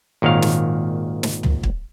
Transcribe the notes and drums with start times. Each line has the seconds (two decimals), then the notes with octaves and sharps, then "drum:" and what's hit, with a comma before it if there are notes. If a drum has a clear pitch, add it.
0.22 G#1 A#2 D#3 C#5 F5
0.42 drum: snare
1.23 drum: snare
1.43 drum: tom
1.63 drum: kick